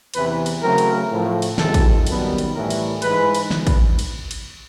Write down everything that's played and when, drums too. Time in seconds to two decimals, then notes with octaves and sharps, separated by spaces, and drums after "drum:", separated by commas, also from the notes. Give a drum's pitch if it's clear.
0.14 E2 C3 E3 B4, drum: cymbal
0.46 drum: cymbal
0.62 C#3 F#3 A3 C4 A#4
0.78 drum: cymbal
1.11 A2 F3 A3
1.42 drum: cymbal
1.58 F2 C3 D#3 G#3 C4 A4, drum: snare
1.74 drum: kick, cymbal
2.07 F#2 D#3 G3 B3, drum: cymbal
2.38 drum: cymbal
2.54 A2 E3 G3 A#4
2.70 drum: cymbal
3.02 G#2 E3 G#3 B4, drum: cymbal
3.35 drum: cymbal
3.51 drum: snare
3.67 drum: kick, cymbal
3.99 drum: cymbal
4.31 drum: cymbal